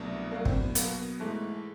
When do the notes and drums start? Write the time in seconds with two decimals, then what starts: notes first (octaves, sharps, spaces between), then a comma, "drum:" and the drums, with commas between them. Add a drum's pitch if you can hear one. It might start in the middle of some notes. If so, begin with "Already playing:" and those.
Already playing: C2 B2 F#3 A3 D4
0.31 F#3 A3 A#3 D4
0.45 C4, drum: kick G#1
0.61 B3
0.75 B2 F#3 A#3 B3, drum: hi-hat
1.20 G#2 E3 G#3 A3